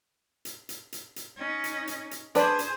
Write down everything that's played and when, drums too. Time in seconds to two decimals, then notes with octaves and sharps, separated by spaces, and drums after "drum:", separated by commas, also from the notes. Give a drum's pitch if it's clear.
0.45 drum: hi-hat
0.69 drum: hi-hat
0.92 drum: hi-hat
1.16 drum: hi-hat
1.37 C#4 D#4
1.64 drum: hi-hat
1.88 drum: hi-hat
2.11 drum: hi-hat
2.35 D4 G#4 B4 C5 D5, drum: hi-hat
2.59 drum: hi-hat